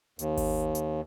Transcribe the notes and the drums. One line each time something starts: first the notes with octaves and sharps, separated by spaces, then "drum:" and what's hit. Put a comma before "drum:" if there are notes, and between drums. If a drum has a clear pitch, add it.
D#2, drum: hi-hat
drum: kick G#1, open hi-hat
drum: hi-hat